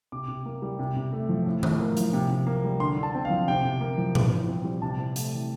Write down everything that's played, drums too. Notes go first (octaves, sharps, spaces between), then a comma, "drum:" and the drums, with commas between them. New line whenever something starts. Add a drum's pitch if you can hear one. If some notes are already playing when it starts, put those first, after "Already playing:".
C3 D6
C3
A#3
G3
C3
C3
A3
F3
A2
A2, drum: tom D#3
A#3
F3, drum: hi-hat
C3
C3
A#3
G3
D3 C6
D3
A5
C4
F5
F3
C3 G5
C3
A#3
F3
E3, drum: tom A#2
E3
C4
G3
C3 A5
C4
A3, drum: hi-hat
E3